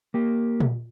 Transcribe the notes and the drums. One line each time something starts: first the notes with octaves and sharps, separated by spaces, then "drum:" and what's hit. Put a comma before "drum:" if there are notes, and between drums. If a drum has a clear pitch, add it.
A#3 G4
drum: tom A#2